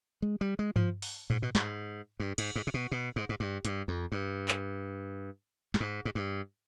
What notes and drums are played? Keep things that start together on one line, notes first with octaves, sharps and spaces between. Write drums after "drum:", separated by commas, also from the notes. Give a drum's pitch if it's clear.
G#3
G3
G#3
F3, drum: tom G2
drum: open hi-hat
G#2, drum: tom A2
B2
G#2, drum: snare
G2
G#2, drum: cymbal
G#2
C3
B2
B2
G#2
G#2
G2
G2, drum: hi-hat
F2
G2
drum: clap
G2, drum: snare
G#2
G#2
G2